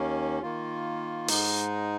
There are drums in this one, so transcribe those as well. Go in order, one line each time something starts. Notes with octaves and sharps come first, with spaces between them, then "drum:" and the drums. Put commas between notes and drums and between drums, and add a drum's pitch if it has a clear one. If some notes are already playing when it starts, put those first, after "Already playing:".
Already playing: D#2 D#3 A#3 C#4
D#3 A#3 F4
G#2 G#3 D#4, drum: open hi-hat